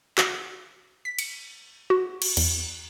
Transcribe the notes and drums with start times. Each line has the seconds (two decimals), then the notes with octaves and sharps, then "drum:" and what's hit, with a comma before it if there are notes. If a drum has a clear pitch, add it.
0.18 F#4, drum: clap
1.05 B6
1.19 C#7, drum: cymbal
1.90 F#4
2.22 drum: cymbal
2.37 E2, drum: cymbal